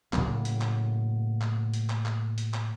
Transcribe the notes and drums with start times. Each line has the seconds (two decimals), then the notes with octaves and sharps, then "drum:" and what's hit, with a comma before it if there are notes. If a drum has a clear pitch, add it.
0.13 A2 C#3 F#3 A#3, drum: clap
0.45 drum: hi-hat
0.61 drum: clap
1.41 drum: clap
1.74 drum: hi-hat
1.90 drum: clap
2.06 drum: clap
2.38 drum: hi-hat
2.54 drum: clap